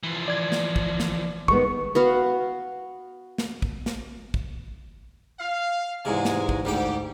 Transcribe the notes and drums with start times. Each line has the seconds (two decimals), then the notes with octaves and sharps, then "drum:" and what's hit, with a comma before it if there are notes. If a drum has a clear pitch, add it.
0.03 E3 F3
0.28 D5 G#6
0.52 drum: snare
0.76 drum: kick
1.00 drum: snare
1.48 D#3 G#3 B3 C#6, drum: kick
1.95 B3 F#4 F5
3.38 drum: snare
3.62 drum: kick
3.86 drum: snare
4.34 drum: kick
5.40 F5
6.05 E2 G#2 C3 G#3 G#5
6.25 drum: snare
6.49 drum: kick
6.65 D2 G#2 G3 G4 G5